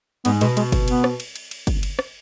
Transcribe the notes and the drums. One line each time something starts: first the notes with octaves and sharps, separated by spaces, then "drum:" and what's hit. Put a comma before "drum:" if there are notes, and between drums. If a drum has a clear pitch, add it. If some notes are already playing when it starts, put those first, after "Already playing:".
G#2 B3, drum: cymbal
B2 G#3, drum: cymbal
G#3, drum: cymbal
drum: kick, cymbal
B3, drum: cymbal
drum: rim click
drum: cymbal
drum: cymbal
drum: cymbal
drum: kick, cymbal
drum: cymbal
drum: rim click